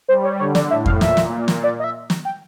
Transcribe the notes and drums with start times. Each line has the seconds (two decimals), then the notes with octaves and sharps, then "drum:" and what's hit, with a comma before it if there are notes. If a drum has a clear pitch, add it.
0.08 G3 C5
0.24 C#5
0.39 D3 C#5
0.55 D5, drum: snare
0.70 A2 E5
0.86 F5, drum: kick F2
1.01 A#2 E5, drum: snare
1.17 drum: snare
1.48 drum: snare
1.64 D5
1.79 D#5
1.84 E5
2.10 drum: snare
2.25 G5